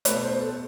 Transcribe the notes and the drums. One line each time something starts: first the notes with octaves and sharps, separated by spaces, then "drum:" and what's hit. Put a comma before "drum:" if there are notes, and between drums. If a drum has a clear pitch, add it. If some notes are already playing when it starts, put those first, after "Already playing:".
B2 A3 B4, drum: hi-hat
C5
A4